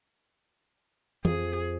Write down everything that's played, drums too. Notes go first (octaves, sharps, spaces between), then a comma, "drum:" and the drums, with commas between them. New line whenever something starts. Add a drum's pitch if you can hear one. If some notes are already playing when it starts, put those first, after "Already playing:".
F2 G#4, drum: tom E3